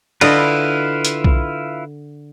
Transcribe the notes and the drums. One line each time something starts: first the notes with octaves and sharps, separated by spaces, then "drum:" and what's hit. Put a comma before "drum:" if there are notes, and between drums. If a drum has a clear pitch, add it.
D3 E4 F4 B4 D#5, drum: cymbal
drum: hi-hat
drum: kick B1